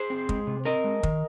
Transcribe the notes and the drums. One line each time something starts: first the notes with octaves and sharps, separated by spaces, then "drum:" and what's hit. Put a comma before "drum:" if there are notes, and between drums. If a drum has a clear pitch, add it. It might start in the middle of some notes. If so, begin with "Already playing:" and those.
Already playing: G#4 C5
C4
G#3, drum: kick
C3
C4 A#4 D#5
G#3
D#3, drum: kick